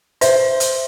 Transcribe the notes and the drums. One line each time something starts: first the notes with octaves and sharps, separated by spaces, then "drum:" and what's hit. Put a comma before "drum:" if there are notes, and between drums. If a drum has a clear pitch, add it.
C5 E5, drum: hi-hat
drum: hi-hat